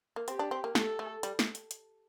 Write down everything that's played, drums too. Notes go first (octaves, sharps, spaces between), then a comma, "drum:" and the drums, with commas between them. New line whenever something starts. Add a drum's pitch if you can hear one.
A#3
C4 G4, drum: hi-hat
D4
C4
A#3
A3 A4, drum: snare
A3
G3, drum: hi-hat
drum: snare
drum: hi-hat
drum: hi-hat